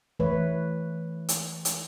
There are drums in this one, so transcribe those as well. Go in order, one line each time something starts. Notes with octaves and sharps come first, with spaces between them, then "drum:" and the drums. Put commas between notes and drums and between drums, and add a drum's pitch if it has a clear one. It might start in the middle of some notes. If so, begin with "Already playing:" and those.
E3 A3 B4 C#5
drum: hi-hat
drum: hi-hat